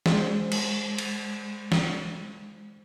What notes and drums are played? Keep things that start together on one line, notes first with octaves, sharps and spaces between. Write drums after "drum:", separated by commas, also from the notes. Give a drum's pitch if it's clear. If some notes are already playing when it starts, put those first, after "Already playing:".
G#3 C5, drum: snare
drum: cymbal
drum: cymbal
drum: snare